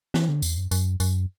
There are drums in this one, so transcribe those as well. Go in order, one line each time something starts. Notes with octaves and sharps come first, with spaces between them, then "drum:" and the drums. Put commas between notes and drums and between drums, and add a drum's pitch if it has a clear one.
E3, drum: snare
D3
E2, drum: tambourine
F#2
F#2, drum: tambourine
F#2, drum: tambourine